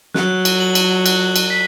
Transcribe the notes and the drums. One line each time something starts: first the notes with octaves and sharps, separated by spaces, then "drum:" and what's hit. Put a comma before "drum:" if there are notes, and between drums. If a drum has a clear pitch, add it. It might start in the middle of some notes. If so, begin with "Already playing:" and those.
F#3 F#6, drum: snare
drum: cymbal
F#7
drum: cymbal
F#6, drum: cymbal
drum: cymbal
B6